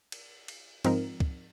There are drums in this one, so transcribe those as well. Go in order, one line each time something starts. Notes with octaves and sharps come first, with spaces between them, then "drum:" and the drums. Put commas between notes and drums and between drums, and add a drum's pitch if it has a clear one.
drum: cymbal
drum: cymbal
G#2 F3 C4 D#4 A#4, drum: cymbal
drum: kick